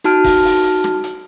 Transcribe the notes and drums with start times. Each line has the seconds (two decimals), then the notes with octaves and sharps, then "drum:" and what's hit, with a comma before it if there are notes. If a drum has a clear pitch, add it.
0.04 D#4 F#4 A5 F6 D7, drum: hi-hat
0.24 drum: kick G1, open hi-hat
0.44 drum: open hi-hat
0.64 drum: hi-hat
0.84 drum: rim click
1.04 drum: hi-hat